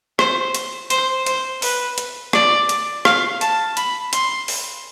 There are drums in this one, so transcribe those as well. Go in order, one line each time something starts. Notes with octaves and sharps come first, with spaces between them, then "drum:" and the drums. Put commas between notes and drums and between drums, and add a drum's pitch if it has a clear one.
C5, drum: rim click
drum: hi-hat
C5, drum: hi-hat
C5, drum: hi-hat
B4, drum: open hi-hat
drum: hi-hat
D5, drum: rim click
drum: hi-hat
F5, drum: rim click
A5, drum: hi-hat
B5, drum: hi-hat
C6, drum: hi-hat
drum: open hi-hat